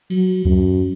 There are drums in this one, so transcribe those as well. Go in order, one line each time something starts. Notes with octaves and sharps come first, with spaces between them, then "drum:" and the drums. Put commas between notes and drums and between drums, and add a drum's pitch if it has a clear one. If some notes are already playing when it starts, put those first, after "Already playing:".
F#3, drum: cymbal
F#2, drum: kick D2